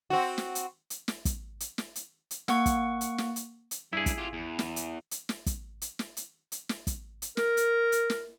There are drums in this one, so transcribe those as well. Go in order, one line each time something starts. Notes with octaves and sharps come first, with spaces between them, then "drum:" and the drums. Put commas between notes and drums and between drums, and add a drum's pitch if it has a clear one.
C4 F#4
drum: snare
drum: hi-hat
drum: hi-hat
drum: snare
drum: kick, hi-hat
drum: hi-hat
drum: snare
drum: hi-hat
drum: hi-hat
A#3 F#5 C#6, drum: snare
drum: kick, hi-hat
drum: hi-hat
drum: snare
drum: hi-hat
drum: hi-hat
G2 D4 E4 G#4
drum: kick, hi-hat
F4 G4
E2
drum: snare
drum: hi-hat
drum: hi-hat
drum: snare
drum: kick, hi-hat
drum: hi-hat
drum: snare
drum: hi-hat
drum: hi-hat
drum: snare
drum: kick, hi-hat
drum: hi-hat
A#4, drum: snare
drum: hi-hat
drum: hi-hat
drum: snare